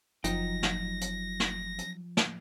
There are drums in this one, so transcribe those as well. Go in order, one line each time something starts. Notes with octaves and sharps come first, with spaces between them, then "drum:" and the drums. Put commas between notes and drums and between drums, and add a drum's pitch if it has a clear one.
F#1 F3 F#3 D#4 G5 A#6, drum: hi-hat
drum: snare
drum: hi-hat
drum: snare
drum: hi-hat
drum: snare